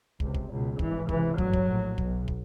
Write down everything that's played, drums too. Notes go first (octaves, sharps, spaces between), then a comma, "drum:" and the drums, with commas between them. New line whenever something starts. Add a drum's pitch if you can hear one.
C#2 C3, drum: kick
drum: kick
C#2 B2
G#1 G2 E3, drum: kick
C#2 C3 E3, drum: kick
A1 G2 F#3, drum: kick
drum: kick
A#1 A2
B1 B2, drum: kick
drum: kick